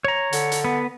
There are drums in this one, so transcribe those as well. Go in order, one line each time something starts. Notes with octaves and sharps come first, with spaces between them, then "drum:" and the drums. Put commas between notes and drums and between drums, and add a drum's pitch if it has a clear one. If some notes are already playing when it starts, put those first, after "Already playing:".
C#5 A#5
D3, drum: hi-hat
drum: hi-hat
B3